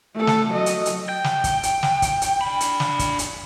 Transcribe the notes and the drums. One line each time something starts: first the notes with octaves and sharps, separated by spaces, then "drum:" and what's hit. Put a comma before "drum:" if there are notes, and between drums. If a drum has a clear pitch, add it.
A3 A4
drum: snare
F#3 D#5
drum: hi-hat
drum: hi-hat
G5
drum: snare
drum: kick, hi-hat
drum: hi-hat
drum: snare
drum: kick, hi-hat
drum: hi-hat
D4 B5
drum: hi-hat
drum: snare
drum: kick, hi-hat
drum: hi-hat